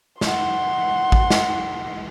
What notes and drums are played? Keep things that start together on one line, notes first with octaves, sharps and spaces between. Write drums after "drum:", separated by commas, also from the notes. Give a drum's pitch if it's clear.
F#5 C6, drum: snare
drum: kick A1
drum: snare